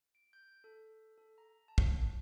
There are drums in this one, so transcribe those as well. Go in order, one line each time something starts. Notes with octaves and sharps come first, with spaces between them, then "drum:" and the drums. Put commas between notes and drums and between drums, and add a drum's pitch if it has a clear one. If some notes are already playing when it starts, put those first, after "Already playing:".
D7
G6
A4
A4
A#5
A5
drum: kick